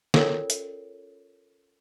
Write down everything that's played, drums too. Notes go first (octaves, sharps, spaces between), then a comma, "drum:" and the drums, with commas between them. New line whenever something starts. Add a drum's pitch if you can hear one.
C#4 F4 A4 A#4 C#5 D5, drum: snare
drum: hi-hat